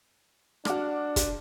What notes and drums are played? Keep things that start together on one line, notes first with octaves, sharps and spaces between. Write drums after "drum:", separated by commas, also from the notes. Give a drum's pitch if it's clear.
D4 F#4 D6 F6, drum: rim click
drum: kick, hi-hat